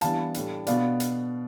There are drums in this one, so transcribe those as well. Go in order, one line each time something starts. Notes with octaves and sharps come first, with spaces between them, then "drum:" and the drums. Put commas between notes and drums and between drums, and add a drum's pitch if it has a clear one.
E3 G3 B3 D4 F5 A5, drum: hi-hat
A2 G3 D4, drum: hi-hat
B2 B3 D4 D5 F5, drum: hi-hat
drum: hi-hat